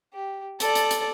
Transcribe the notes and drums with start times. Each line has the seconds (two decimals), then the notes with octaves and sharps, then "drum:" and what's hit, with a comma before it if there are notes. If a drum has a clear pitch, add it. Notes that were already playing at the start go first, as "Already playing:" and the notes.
0.14 G4
0.60 A4 D5, drum: hi-hat
0.75 drum: hi-hat
0.91 drum: hi-hat